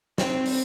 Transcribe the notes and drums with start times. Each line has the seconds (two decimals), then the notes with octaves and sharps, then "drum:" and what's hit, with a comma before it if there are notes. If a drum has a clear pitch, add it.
0.18 C4, drum: snare
0.46 drum: open hi-hat